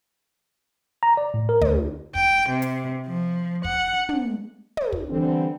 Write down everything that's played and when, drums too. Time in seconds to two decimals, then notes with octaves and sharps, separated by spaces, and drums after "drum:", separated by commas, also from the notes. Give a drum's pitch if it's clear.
1.03 A#5
1.17 D5
1.34 A2
1.49 A#4
1.61 D2, drum: tom
2.15 G5, drum: kick
2.49 C3
2.62 drum: hi-hat
3.07 F3
3.64 F#5, drum: kick
4.09 drum: tom
4.77 drum: tom
4.92 drum: kick
5.10 D3 E3 G3 C4